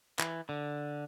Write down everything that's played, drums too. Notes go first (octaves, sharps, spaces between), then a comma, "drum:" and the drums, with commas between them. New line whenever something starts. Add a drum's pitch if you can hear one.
E3, drum: clap
D3